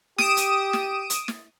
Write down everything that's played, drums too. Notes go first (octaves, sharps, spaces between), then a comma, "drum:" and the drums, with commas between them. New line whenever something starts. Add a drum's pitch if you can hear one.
G4 D#6 D7 E7, drum: snare
drum: hi-hat
drum: snare
drum: hi-hat
drum: snare